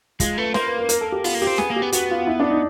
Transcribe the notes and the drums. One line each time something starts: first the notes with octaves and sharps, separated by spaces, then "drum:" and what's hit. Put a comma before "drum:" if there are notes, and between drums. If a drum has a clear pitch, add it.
G#3 F4, drum: kick, hi-hat
A3 B4
A#3 C5, drum: snare
B4
A#4
A#4, drum: hi-hat
A4
G4
B3 F4, drum: open hi-hat
A#3
G4
C4
B3 G#4, drum: snare
A#3
G4
B3
B3 F#4, drum: hi-hat
F4
E4
D4
D#4